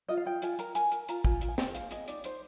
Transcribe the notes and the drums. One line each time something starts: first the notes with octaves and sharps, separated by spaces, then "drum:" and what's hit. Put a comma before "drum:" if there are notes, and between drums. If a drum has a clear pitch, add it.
F4 D#5
F5
F4 G5
F4 G#5, drum: hi-hat
A#4 A#5, drum: hi-hat
A#4 G#5, drum: hi-hat
A#4, drum: hi-hat
F4 A#5, drum: hi-hat
F4 G#5, drum: kick
F4, drum: hi-hat
G#5
A#4 G5, drum: snare
G#4 F5, drum: hi-hat
G#4 D#5, drum: hi-hat
D#4 D5, drum: hi-hat
D#4 C5, drum: hi-hat